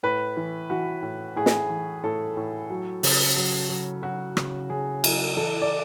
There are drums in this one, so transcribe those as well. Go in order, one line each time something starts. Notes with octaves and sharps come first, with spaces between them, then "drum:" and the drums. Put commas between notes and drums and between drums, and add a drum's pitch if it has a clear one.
A2 B4
E3
E3 F#4
A2
A2 G#4
drum: snare
E3
A2 A4
A2
F#3
C#3, drum: open hi-hat
F#3
F#3
F#3 F#4
C#3, drum: rim click
C#3 G#4
F#3, drum: cymbal
E3 A4
D5